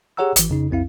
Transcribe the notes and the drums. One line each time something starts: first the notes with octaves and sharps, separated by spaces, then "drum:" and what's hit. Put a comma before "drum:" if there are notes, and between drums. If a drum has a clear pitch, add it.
G4 G#4 C#5 F#5 A#5 E6
G#1 E3, drum: hi-hat
F2 C#3 D#4
B1 F2 C4 E4 F5